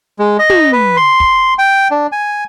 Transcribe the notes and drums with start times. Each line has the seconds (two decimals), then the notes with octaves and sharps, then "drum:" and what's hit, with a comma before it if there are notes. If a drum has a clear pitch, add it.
0.19 G#3
0.39 D#5
0.50 drum: tom
0.73 B4
0.97 C6
1.20 drum: kick
1.59 G5
1.91 D4
2.12 G#5